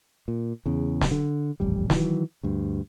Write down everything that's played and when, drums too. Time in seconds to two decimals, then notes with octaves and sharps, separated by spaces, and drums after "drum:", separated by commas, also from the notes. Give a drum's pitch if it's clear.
0.28 A#2
0.66 E2 C#3
1.01 drum: snare
1.11 D3
1.60 D#1 A1 F2 G3
1.90 D#3 E3 F#3, drum: snare
2.43 D2 G2